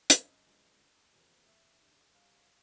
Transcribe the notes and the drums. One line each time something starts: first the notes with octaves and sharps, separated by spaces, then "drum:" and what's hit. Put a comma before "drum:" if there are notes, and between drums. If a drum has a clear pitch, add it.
F#2 D#5, drum: hi-hat
D3 F3 G#3 B3
F#1
E2 C3 F3 A#3
E1 E5
D#2 D3
C2 F5